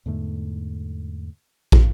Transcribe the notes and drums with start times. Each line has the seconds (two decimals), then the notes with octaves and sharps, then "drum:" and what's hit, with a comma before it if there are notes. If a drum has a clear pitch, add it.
0.06 E2 G#2 D3 A3
1.72 drum: kick